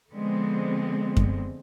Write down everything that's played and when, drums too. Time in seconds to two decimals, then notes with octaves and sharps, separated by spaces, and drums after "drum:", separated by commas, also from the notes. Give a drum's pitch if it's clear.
0.12 D3 F3 G#3 B3 C4
1.17 drum: kick F#2